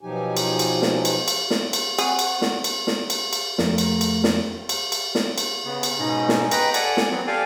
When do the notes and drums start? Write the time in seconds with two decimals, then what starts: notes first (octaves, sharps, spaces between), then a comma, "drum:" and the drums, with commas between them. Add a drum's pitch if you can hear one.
0.01 B2 F3 F#3 D#4 G4 G#5
0.37 drum: cymbal
0.59 drum: cymbal
0.82 drum: snare
1.05 drum: cymbal
1.28 drum: cymbal
1.50 drum: snare
1.73 drum: cymbal
1.98 C4 G#4 F#5 C#6, drum: cymbal
2.19 drum: cymbal
2.42 drum: snare
2.64 drum: cymbal
2.87 drum: snare
3.10 drum: cymbal
3.33 drum: cymbal
3.58 F2 A3 A#4, drum: snare
3.78 drum: cymbal
4.01 drum: cymbal
4.24 drum: snare
4.69 drum: cymbal
4.92 drum: cymbal
5.15 drum: snare
5.38 drum: cymbal
5.65 C#3 B3
5.83 drum: cymbal
5.99 G#2 B2 C#4 D#4
6.29 drum: snare
6.51 B4 D#5 G5 A#5, drum: cymbal
6.74 A4 D5 F#5 G#5, drum: cymbal
6.97 drum: snare
7.10 F#3 B3 C4
7.27 G4 A4 D5 F5 G#5 D6